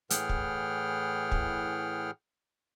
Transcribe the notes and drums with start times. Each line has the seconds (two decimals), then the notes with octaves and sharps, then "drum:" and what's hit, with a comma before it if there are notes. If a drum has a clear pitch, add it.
0.10 A2 E3 G#4 F#5 G5 F6, drum: hi-hat
0.29 drum: kick
1.32 drum: kick